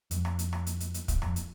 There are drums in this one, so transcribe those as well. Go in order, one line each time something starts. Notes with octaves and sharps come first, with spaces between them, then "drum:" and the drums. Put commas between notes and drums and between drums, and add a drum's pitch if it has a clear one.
F2, drum: hi-hat
drum: rim click
drum: hi-hat
drum: rim click
drum: hi-hat
drum: hi-hat
drum: hi-hat
drum: kick, hi-hat
F2, drum: rim click
drum: hi-hat